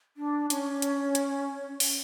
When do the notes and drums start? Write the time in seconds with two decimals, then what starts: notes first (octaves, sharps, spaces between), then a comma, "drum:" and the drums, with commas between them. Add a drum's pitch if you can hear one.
0.17 D4
0.50 C#4, drum: hi-hat
0.82 drum: hi-hat
1.15 drum: hi-hat
1.80 drum: open hi-hat